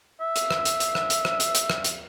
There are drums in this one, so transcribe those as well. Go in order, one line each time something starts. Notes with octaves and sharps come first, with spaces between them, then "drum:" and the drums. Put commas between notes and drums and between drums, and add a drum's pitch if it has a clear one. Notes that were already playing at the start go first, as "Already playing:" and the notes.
E5
drum: hi-hat
drum: rim click
drum: hi-hat
drum: hi-hat
drum: rim click
drum: hi-hat
drum: rim click
drum: hi-hat
drum: hi-hat
drum: rim click
drum: hi-hat